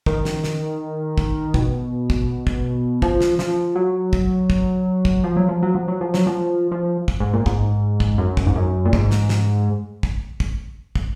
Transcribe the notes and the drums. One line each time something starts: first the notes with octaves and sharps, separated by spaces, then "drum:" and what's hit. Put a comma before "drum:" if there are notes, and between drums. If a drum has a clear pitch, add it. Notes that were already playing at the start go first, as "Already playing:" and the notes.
D#3, drum: kick
drum: snare
drum: snare
drum: kick
B2, drum: kick
drum: kick
drum: kick
F3, drum: kick
drum: snare
F3, drum: snare
F#3
drum: kick
drum: kick
drum: kick
F3
F#3
F3
F#3
F3
F#3
F3
F#3, drum: snare
F3
F3
drum: kick
G#2
A#2
G#2, drum: kick
drum: kick
F#2
drum: kick
G#2
F#2
A#2
G#2, drum: kick
drum: snare
drum: snare
drum: kick
drum: kick
drum: kick